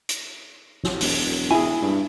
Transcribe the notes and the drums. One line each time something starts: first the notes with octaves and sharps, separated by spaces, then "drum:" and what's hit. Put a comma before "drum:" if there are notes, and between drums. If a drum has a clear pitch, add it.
drum: hi-hat
drum: snare
E1, drum: open hi-hat
E4 G#4 G#5
G2